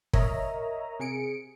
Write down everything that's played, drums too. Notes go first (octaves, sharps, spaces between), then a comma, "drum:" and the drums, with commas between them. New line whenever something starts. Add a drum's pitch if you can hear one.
A#4 C#5 D#5 E5 A#5, drum: kick
C3 G#4 C#7 D7